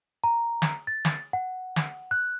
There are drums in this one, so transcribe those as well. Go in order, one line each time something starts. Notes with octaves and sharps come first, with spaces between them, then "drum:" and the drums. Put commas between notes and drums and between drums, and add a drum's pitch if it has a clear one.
A#5
drum: snare
A6
drum: snare
F#5
drum: snare
F#6